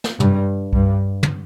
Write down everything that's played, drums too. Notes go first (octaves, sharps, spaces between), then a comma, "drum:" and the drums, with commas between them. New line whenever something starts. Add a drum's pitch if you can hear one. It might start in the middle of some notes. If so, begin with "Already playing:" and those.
drum: snare
G2, drum: tom
G2, drum: kick C2
drum: tom